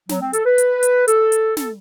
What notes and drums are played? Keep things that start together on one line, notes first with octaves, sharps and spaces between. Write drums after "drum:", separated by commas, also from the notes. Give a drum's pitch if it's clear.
F#3, drum: snare
C4
A4, drum: hi-hat
B4
drum: hi-hat
drum: hi-hat
A4, drum: hi-hat
drum: hi-hat
A4, drum: snare